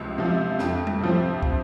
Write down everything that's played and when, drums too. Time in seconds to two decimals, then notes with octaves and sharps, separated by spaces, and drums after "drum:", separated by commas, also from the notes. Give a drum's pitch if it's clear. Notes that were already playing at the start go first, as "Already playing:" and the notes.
Already playing: C#2 C3 F3
0.18 C3 F3
0.59 F2, drum: snare
0.87 drum: tom G3
1.00 C3 F3 C4
1.43 drum: kick